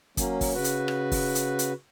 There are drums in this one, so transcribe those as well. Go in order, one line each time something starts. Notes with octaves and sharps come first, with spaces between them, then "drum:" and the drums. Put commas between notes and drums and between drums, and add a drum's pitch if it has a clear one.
F#3 A#3 C#4, drum: kick, hi-hat
drum: kick, open hi-hat
C#3 F#4 B4
drum: hi-hat
drum: rim click
drum: kick, open hi-hat
drum: hi-hat
drum: hi-hat